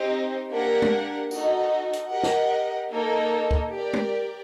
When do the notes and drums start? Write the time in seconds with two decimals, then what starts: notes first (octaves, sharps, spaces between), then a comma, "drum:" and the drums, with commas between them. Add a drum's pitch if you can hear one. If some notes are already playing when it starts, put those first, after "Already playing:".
Already playing: C4 D#4 G4 C5 D#5
0.50 A#3 D4 G4 A#4 F#5
0.82 drum: tom G#3
1.31 D#4 F#4 A4 D#5, drum: tambourine
1.93 drum: hi-hat
2.11 G4 A#4 D#5 F#5
2.23 drum: snare
2.92 A#3 D#4 A4 D#5
3.51 drum: kick
3.73 G4 A#4 D5
3.93 drum: tom G#3